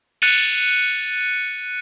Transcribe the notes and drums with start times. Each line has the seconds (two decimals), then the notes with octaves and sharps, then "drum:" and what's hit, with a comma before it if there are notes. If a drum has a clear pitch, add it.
0.22 F#6 A6 C#7 D#7, drum: cymbal